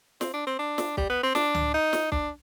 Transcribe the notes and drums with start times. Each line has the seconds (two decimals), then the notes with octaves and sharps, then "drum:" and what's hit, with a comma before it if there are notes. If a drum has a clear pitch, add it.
0.21 C4, drum: snare
0.33 D4
0.47 C4
0.59 D4
0.78 drum: snare
0.97 G3, drum: kick
1.10 B3
1.23 C4
1.35 D4, drum: snare
1.55 drum: tom C#2
1.74 D#4
1.93 drum: snare
2.12 D4, drum: kick